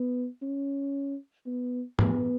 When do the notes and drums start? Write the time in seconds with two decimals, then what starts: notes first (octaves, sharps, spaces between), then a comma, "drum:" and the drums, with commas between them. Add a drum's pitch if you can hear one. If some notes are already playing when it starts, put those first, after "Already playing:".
Already playing: B3
0.42 C#4
1.46 B3
1.99 B3, drum: tom